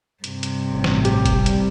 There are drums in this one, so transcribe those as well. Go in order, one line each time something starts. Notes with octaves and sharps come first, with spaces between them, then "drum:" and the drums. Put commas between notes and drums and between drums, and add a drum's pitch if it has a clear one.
G2 C3, drum: hi-hat
drum: hi-hat
A1
drum: snare
G4, drum: hi-hat
drum: kick, hi-hat
C2 G3
drum: hi-hat